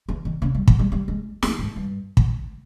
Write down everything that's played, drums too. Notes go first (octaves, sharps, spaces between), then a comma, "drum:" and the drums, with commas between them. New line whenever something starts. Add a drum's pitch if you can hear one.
E3
D#3
C#3
G3
E3, drum: kick
G3
G3
G#3
E3, drum: snare
G#2
G2
drum: kick